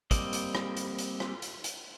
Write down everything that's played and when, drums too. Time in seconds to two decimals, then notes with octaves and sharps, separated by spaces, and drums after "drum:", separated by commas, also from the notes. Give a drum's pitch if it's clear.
0.11 G3 A#3 C4 D5 D#5, drum: kick, hi-hat
0.33 drum: hi-hat
0.55 drum: rim click
0.77 drum: hi-hat
0.98 drum: hi-hat
1.20 drum: rim click
1.42 drum: hi-hat
1.64 drum: hi-hat